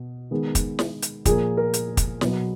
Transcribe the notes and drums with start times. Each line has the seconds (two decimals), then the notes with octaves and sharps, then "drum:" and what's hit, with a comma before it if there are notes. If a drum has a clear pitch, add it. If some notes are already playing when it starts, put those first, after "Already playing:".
Already playing: B2
0.31 D#3 G#3 B3
0.55 drum: kick, hi-hat
0.79 drum: snare
1.02 drum: hi-hat
1.25 A#2 F3 A#3 G#4, drum: kick, hi-hat
1.57 A#4
1.74 drum: hi-hat
1.97 drum: kick, hi-hat
2.21 B2 F#3 B3, drum: snare